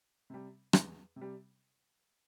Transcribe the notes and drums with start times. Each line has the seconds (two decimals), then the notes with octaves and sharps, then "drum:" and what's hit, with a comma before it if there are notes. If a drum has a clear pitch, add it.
0.30 C3 G3
0.73 E2, drum: rim click
1.16 C3
1.21 G3